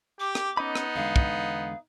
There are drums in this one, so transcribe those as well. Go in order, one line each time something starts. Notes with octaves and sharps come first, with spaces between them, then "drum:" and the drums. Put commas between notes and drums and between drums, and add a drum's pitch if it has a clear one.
G4 D6
drum: rim click
B3 C#4 D#4 D#5 B5
drum: rim click
E2 D3 G#3 F5
drum: kick